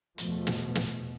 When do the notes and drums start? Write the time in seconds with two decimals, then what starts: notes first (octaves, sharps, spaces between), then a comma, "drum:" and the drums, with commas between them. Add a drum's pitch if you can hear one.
0.18 E2 B2 F3 A3, drum: hi-hat
0.47 drum: snare
0.75 drum: snare